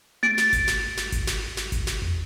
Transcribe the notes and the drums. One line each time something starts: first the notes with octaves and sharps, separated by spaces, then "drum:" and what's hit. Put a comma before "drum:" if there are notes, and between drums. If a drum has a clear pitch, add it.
A6 D7, drum: tom A3
drum: snare
drum: kick G#1, hi-hat
drum: snare
drum: snare
drum: kick G#1, hi-hat
drum: snare
drum: snare
drum: kick G#1, hi-hat
drum: snare
drum: tom E2